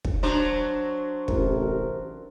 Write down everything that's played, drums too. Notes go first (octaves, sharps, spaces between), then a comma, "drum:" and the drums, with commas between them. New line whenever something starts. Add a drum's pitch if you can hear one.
drum: kick
F#3 D4 C5
A1 C3 A#4, drum: kick